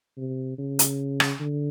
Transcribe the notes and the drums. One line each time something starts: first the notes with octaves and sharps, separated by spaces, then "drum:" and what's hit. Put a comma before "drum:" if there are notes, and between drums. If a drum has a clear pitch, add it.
C3
C#3
drum: hi-hat
drum: rim click
D3